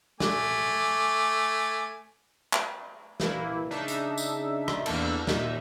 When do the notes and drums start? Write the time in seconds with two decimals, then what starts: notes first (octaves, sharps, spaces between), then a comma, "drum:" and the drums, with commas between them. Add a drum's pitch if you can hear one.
0.20 A3 G#5 D6, drum: snare
2.53 drum: clap
3.20 E3 A#3 E4, drum: snare
3.70 C#3 D4 D#4 E5
3.88 drum: hi-hat
4.18 drum: tambourine
4.68 drum: rim click
4.86 E2 E3 A#3 D4 A4, drum: cymbal
5.27 D#2 A#2 D#4 E5, drum: snare